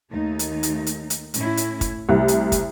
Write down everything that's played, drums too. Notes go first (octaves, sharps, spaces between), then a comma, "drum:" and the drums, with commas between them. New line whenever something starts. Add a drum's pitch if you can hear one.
D#2 A3 D#4
drum: hi-hat
drum: hi-hat
drum: hi-hat
drum: hi-hat
A2 C#4 E4, drum: hi-hat
drum: hi-hat
drum: kick, hi-hat
C2 A3
drum: hi-hat
drum: kick, hi-hat